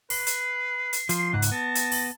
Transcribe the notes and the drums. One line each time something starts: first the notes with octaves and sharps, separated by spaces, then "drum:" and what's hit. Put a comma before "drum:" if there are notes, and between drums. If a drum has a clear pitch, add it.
B4 C7, drum: open hi-hat
drum: hi-hat
drum: hi-hat
F3 C6, drum: hi-hat
C#2 G#2 F#5
drum: hi-hat
B3 A5 A#6
drum: hi-hat
drum: open hi-hat